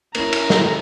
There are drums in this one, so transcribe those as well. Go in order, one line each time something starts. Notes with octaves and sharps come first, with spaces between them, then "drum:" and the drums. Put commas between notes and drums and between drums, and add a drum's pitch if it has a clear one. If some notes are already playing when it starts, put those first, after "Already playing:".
A#3 C#4 E4 A#5, drum: cymbal
drum: cymbal
drum: snare